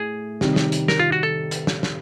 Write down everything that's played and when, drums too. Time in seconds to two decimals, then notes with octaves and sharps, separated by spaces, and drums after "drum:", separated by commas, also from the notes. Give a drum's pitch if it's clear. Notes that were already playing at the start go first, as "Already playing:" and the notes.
Already playing: A2 G#4
0.41 C3 D#3 G3, drum: snare
0.56 drum: snare
0.72 drum: hi-hat
0.88 A#4, drum: snare
0.99 F4
1.12 F#4
1.23 A4
1.51 drum: hi-hat
1.67 drum: snare
1.83 drum: snare